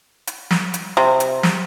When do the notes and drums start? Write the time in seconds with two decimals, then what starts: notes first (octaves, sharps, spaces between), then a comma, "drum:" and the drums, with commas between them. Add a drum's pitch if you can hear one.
0.27 drum: hi-hat
0.51 drum: snare
0.74 drum: hi-hat
0.97 C3
1.20 drum: hi-hat
1.43 drum: snare